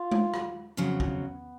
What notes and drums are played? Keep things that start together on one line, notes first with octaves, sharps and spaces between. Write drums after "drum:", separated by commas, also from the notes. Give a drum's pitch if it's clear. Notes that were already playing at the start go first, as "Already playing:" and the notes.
Already playing: F4
drum: tom G#3
drum: rim click
F2 C#3 F#3 B3
drum: kick